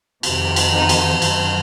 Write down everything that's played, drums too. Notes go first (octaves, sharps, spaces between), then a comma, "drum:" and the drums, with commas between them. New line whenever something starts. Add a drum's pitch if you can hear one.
F2 C3 D#3, drum: cymbal
drum: cymbal
D#4
drum: cymbal
F#2 D#3, drum: cymbal